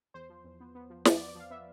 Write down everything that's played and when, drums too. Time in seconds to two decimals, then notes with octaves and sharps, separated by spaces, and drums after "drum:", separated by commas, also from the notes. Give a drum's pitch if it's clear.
0.14 E2 C5
0.30 F3
0.44 E2
0.60 B3
0.75 B3
0.90 F3
1.05 F3 D5, drum: snare
1.17 D5
1.21 B3
1.28 D5
1.35 F3 F5
1.51 B3 E5